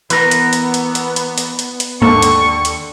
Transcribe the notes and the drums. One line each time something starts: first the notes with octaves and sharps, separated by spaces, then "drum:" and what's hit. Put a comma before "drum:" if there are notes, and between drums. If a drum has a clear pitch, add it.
E3 B3 A#4 B4, drum: hi-hat
drum: hi-hat
drum: hi-hat
drum: hi-hat
drum: hi-hat
drum: hi-hat
drum: hi-hat
drum: hi-hat
drum: hi-hat
D#2 G#2 D3 A#3 A4 C#6
drum: hi-hat
drum: hi-hat